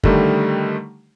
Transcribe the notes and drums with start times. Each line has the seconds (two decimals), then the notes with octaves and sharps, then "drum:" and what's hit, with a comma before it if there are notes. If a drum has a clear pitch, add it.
0.03 D3 D#3 G3 A3, drum: kick